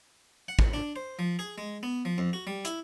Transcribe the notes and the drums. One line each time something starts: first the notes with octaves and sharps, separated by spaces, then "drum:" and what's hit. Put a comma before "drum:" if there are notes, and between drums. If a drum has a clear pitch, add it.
F#5
drum: kick
D4
C5
F3
G#4
G#3
B3
F3
F2
F#4
G3
E4, drum: hi-hat